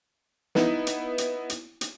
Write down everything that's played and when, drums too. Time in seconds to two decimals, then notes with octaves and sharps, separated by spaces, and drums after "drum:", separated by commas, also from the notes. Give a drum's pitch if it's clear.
0.55 B3 D#4 E4, drum: snare
0.87 drum: hi-hat
1.18 drum: hi-hat
1.50 drum: hi-hat
1.81 drum: hi-hat